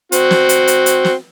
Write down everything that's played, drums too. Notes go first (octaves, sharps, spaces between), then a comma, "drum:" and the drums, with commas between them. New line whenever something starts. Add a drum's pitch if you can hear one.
C4 F#4, drum: hi-hat
drum: snare
drum: hi-hat
drum: hi-hat
drum: hi-hat
drum: snare